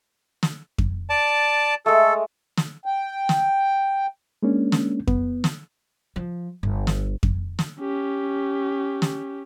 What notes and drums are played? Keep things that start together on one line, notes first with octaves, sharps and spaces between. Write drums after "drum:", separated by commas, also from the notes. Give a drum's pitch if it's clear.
drum: snare
drum: kick F2
D5 A5
G#3 A3 A4
drum: snare
G5
drum: snare
G#3 A#3 C#4 D4
drum: snare
B3, drum: kick F2
drum: snare
F3
G1
drum: snare
drum: kick F2
drum: snare
C#4 G4
drum: snare